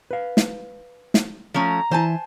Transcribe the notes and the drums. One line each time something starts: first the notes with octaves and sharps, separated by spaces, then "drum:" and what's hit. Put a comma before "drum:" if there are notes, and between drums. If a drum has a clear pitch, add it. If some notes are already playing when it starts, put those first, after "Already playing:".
B4 F5
drum: snare
drum: snare
F3 A3 C#4 A#5
E3 E4 C5 G#5 A5